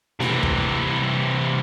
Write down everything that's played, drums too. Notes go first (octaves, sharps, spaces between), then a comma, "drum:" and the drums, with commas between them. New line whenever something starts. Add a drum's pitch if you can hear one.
C3 E3, drum: snare
drum: kick